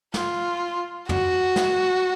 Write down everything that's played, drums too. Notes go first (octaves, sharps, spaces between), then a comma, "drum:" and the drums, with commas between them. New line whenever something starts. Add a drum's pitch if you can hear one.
F4, drum: snare
F#4, drum: tom
drum: snare